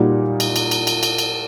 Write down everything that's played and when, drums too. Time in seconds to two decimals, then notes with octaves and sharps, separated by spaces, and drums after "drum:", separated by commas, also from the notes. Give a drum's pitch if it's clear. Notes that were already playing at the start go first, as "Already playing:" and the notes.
Already playing: A#2 G3 A#3 D#4 F#4
0.40 drum: cymbal
0.56 drum: cymbal
0.71 drum: cymbal
0.87 drum: cymbal
1.03 drum: cymbal
1.18 drum: cymbal